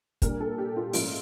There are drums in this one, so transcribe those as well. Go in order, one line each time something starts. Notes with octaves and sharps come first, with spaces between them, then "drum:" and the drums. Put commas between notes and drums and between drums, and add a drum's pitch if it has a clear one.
A#2 G3 A#3 D4 A#4, drum: kick, hi-hat
A4
G4
F4
G#2 F3 A#3 C#4 E4 F4, drum: open hi-hat